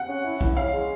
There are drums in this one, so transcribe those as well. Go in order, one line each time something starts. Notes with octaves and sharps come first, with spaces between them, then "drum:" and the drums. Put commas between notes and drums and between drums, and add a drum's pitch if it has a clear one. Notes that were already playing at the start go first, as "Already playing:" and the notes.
Already playing: F#5
C#4
E4
E4, drum: kick A#1
C#4 F5
G#3